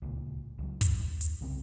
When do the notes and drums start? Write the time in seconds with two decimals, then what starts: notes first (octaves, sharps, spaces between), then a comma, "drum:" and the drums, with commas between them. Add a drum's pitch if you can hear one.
0.02 D1 C#2 A#2
0.59 C#2 F#3
0.81 drum: kick, hi-hat
0.99 D#2
1.21 drum: hi-hat
1.41 C2 C#3 C4